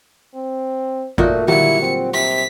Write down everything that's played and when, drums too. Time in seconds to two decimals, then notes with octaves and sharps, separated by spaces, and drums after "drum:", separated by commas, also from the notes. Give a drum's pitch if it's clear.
0.35 C4
1.18 A#2 A3 D#4 F#4 D5, drum: kick G#1
1.48 F#3 G3 E4 F4 G4 F#5 C#7, drum: tom D3
1.82 C4
2.14 C3 B6